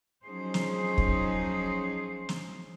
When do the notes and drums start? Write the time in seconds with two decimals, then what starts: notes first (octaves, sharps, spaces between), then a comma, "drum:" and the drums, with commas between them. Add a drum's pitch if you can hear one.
0.25 F3 F#3 C#4 D#4 G#4 C5
0.54 drum: snare
0.98 drum: kick
2.29 drum: snare